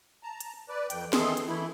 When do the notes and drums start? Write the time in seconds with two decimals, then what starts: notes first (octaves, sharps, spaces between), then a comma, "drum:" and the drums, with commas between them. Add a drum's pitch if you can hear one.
0.23 A5 A#5
0.40 drum: hi-hat
0.69 B4 D5
0.90 F2 G5, drum: hi-hat
1.13 D#3 E3 G#4 A4 C6, drum: snare
1.37 drum: hi-hat
1.47 E3 A3 E4